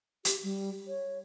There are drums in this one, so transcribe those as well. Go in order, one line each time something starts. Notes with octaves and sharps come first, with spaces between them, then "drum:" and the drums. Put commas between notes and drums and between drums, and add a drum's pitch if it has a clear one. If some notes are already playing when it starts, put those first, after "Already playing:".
G4, drum: hi-hat
G3
C#5